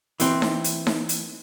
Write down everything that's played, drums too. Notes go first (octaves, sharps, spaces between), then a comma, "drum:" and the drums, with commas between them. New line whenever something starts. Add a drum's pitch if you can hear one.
E3 C4, drum: hi-hat
drum: snare D#4
drum: hi-hat
drum: snare D#4
drum: hi-hat